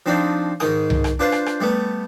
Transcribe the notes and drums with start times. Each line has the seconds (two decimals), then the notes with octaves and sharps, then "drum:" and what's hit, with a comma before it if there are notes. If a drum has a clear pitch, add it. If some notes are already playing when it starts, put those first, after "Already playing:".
0.06 F3 C4 D4 D#4
0.60 G#2 D#3 D#6, drum: rim click
0.90 drum: tom C2
1.04 drum: rim click
1.19 D4 F4 B4 C5
1.32 drum: rim click
1.46 drum: rim click
1.60 G3 A3 B3